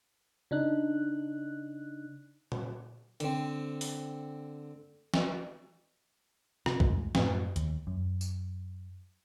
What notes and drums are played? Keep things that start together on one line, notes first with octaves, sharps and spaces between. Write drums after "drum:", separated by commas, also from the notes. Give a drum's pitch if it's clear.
C#3 D4 D#4 F#6
drum: tom A#2
D3 C4, drum: hi-hat
drum: open hi-hat
drum: snare
C3, drum: rim click
E2 A2 G#3, drum: kick
F#2 A2, drum: snare
D#2, drum: hi-hat
F#2
drum: tambourine